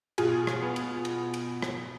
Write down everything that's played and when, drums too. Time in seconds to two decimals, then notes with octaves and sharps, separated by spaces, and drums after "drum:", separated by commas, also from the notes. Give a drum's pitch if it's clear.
0.18 B2 F4 G#4, drum: cymbal
0.47 drum: rim click
0.62 B3
0.76 drum: cymbal
1.05 drum: cymbal
1.34 drum: cymbal
1.62 drum: rim click